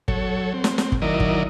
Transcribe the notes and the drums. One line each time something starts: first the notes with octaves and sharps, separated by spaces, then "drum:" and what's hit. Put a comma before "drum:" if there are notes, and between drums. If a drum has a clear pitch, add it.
F#3 A4 C#5, drum: kick
C4
drum: snare
drum: snare
drum: kick
D#3 F#3 E4 A#4 D5 D#5
drum: kick